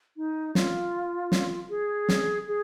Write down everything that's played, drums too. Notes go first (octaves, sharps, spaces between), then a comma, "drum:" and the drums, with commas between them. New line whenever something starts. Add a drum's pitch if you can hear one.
D#4
F4, drum: snare
drum: snare
G#4
drum: snare
G#4